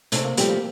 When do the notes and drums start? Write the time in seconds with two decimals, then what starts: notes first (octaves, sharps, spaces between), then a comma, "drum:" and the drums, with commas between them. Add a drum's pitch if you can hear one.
0.12 C3 A3, drum: hi-hat
0.24 A#3
0.37 F3 G3 A3 C4 G4, drum: hi-hat
0.50 A#3